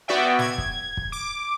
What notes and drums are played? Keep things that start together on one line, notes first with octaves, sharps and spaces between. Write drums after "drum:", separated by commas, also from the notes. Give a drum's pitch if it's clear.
B3 F#4 D5 E5 G5
G#6, drum: snare
drum: kick
drum: kick
D6